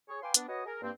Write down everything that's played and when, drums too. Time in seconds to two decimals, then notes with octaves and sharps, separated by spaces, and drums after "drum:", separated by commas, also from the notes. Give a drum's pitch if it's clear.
0.09 G#4 C#5
0.22 B4 F5 G5 G#5 C6 D6
0.34 B3 D4, drum: hi-hat
0.48 F#4 B4 C#5 D#5
0.65 G#4 A#4
0.81 G2 A#3 C4